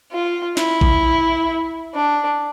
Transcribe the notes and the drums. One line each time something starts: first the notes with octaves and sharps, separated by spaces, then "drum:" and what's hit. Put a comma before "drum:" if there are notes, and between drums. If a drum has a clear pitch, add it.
F4
E4, drum: snare
drum: kick A#1
D4